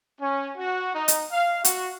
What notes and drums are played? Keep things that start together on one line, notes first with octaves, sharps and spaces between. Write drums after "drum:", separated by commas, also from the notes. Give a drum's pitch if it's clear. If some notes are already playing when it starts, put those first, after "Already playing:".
C#4
F#4
D#4
drum: hi-hat
F5
F#4, drum: hi-hat